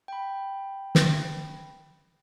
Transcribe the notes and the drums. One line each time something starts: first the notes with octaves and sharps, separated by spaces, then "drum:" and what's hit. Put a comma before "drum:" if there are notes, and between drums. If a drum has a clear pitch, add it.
G5 B5
drum: snare